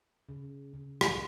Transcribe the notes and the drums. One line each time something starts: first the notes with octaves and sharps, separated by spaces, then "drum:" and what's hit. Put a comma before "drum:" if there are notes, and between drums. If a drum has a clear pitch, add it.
C#3
C#3
drum: rim click